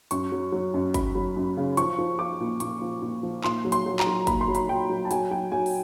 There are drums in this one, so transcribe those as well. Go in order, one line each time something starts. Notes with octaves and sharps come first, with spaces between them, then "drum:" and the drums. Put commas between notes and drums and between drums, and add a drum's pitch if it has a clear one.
F#2 C#6, drum: hi-hat
F#3
F#3
F#2
F#2 B5, drum: kick G1, hi-hat
F#3
F#2
C#3
F3 C#6, drum: hi-hat
F3
F3 D6
A#2
A#2 C#6, drum: hi-hat
F3
A#2
F3
A#2 C6, drum: clap
F#3
C6, drum: hi-hat
F#3
A#5, drum: clap
F#3
A#2 B5, drum: kick G1, hi-hat
C6
F#3
B5, drum: hi-hat
F#3 G5
F#3
A5
F#3 G#5, drum: hi-hat
F#3 G5
F#3 G#5
drum: open hi-hat